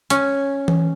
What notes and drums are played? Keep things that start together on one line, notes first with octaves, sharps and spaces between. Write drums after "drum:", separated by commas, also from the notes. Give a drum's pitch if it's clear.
C#4, drum: hi-hat
drum: tom E3